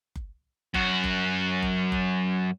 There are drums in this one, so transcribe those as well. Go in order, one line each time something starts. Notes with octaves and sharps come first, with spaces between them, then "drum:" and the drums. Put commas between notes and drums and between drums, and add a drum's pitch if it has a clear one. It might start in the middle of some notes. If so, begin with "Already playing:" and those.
drum: kick F#1
F#2 F#4, drum: kick F#1
drum: kick F#1
drum: kick F#1
drum: kick F#1